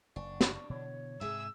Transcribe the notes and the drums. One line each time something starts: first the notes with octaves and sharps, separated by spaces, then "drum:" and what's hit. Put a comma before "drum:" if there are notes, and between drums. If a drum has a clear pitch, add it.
F#1 D4 C#6
drum: snare
B2 D3 E3 C#5
G#2 C3 G#4 E5 E6